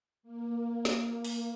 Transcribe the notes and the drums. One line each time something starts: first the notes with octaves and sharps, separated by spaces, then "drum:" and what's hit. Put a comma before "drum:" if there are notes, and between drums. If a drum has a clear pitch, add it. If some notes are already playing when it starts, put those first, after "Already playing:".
A#3
drum: snare
drum: open hi-hat